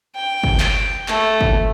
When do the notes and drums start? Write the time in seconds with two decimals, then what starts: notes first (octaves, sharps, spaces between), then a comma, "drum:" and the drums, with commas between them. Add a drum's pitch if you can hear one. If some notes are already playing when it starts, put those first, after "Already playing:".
0.16 G5
0.44 drum: kick G1
0.60 drum: clap
1.08 A3, drum: clap
1.41 drum: kick G1